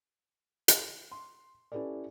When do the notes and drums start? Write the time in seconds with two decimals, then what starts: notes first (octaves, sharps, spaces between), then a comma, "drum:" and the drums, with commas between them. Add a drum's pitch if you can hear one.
0.68 drum: hi-hat
1.12 C6
1.72 C#4 E4 G4 A4 B4 D5